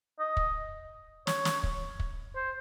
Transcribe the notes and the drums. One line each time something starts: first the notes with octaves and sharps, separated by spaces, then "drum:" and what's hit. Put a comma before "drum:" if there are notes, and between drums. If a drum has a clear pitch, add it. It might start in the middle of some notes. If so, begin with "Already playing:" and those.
D#5
drum: kick
C#5, drum: snare
drum: snare
drum: kick
drum: kick
C5